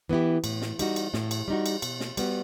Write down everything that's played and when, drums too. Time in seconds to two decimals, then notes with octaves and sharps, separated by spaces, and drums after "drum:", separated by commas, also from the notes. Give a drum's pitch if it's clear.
0.09 E3 B3 E4 G4
0.44 A2, drum: cymbal
0.62 drum: snare
0.79 G3 D#4 F#4, drum: cymbal
0.96 drum: cymbal
1.14 A2, drum: snare
1.31 drum: cymbal
1.48 G3 D#4 F#4
1.66 drum: cymbal
1.82 B2, drum: cymbal
2.00 drum: snare
2.17 G3 B3 F#4, drum: cymbal